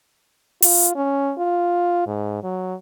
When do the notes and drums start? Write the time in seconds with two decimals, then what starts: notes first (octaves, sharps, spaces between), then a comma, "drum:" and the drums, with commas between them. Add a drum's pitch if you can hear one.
0.62 F4, drum: open hi-hat
0.95 C#4
1.38 F4
2.07 G#2
2.43 F#3